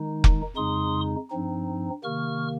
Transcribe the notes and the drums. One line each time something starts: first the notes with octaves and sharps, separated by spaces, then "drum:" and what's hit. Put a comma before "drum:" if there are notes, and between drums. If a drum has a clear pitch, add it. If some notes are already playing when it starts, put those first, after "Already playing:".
Already playing: D#3 G#3 D#4
drum: kick F1
F2 C#3 G#3 D#4 C6 D#6
G2 F3 C4 D#4
C3 D#3 A#3 C#6 F6